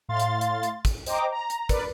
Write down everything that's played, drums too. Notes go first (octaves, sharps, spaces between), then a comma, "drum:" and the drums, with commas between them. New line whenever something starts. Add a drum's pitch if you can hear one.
A2 F5 C6 A6
drum: hi-hat
drum: hi-hat
drum: hi-hat
drum: kick, hi-hat
C5 D#5 G5 A#5 D6, drum: hi-hat
A#5
drum: hi-hat
A#4 B4 D5, drum: kick, hi-hat